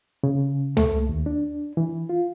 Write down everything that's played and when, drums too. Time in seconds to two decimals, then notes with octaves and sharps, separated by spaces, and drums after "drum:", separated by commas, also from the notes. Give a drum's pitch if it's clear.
0.23 C#3
0.77 A3, drum: tom C#2
1.09 D#2
1.26 D4
1.77 E3
2.09 F4